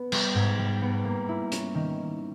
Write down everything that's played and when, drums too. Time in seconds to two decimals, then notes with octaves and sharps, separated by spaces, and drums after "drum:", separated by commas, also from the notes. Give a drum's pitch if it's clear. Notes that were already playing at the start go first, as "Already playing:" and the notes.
Already playing: B3
0.12 G3, drum: cymbal
0.35 G#2 G#6
0.59 G3
0.82 B3
1.05 A#3
1.29 E4
1.52 C#4, drum: hi-hat
1.75 D#3